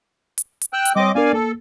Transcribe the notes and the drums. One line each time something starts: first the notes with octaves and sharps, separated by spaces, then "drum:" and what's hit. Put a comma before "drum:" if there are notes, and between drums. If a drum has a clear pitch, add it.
drum: hi-hat
drum: hi-hat
G5 E6 F#6
drum: hi-hat
G3 C4 C#5 D#5 D6
B3 D4 A#4 D5 F5 G#5
A#3 A4